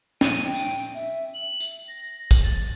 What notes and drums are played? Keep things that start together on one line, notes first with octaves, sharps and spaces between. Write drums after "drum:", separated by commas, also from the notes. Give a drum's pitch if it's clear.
D#7, drum: snare
G5
drum: tambourine
E5
F#7
drum: tambourine
A#6
F#7, drum: kick, tambourine
A6